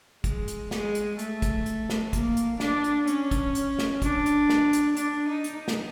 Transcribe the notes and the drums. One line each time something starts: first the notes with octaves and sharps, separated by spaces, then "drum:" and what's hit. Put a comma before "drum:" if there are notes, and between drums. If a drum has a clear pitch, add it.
G#3, drum: kick, hi-hat
drum: hi-hat
G#3, drum: snare
drum: hi-hat
A3, drum: hi-hat
drum: kick, hi-hat
drum: hi-hat
drum: snare
A#3, drum: kick, hi-hat
drum: hi-hat
D4, drum: snare
drum: hi-hat
C#4, drum: hi-hat
drum: kick, hi-hat
drum: hi-hat
drum: snare
D4, drum: kick, hi-hat
drum: hi-hat
drum: snare
drum: hi-hat
D4, drum: hi-hat
D#4
drum: hi-hat
drum: snare